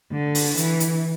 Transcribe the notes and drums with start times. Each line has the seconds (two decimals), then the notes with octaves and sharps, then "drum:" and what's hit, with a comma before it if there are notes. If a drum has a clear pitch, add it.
0.12 D3
0.35 drum: open hi-hat
0.57 E3, drum: hi-hat
0.80 drum: hi-hat